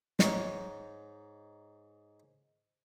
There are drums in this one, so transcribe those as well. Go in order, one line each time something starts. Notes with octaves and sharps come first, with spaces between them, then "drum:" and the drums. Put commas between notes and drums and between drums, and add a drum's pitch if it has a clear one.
G#2 D#4 C#5 A#5, drum: snare